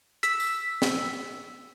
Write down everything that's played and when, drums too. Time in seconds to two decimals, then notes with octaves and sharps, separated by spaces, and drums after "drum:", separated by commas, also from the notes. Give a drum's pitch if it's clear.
0.23 E6 B6, drum: hi-hat
0.40 drum: tambourine
0.82 drum: snare